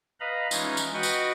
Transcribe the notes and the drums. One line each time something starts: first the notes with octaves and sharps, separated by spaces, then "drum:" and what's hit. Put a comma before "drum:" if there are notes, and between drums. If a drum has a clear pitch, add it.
B4 D#5 F5 A#5 B5
E3 G#3 C#4 D#4 F4, drum: tambourine
drum: tambourine
F#4 B4 D#5 F#5 G5
drum: tambourine